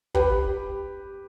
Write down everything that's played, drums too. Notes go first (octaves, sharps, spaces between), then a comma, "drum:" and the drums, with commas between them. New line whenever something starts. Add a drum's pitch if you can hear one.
G4 B4, drum: kick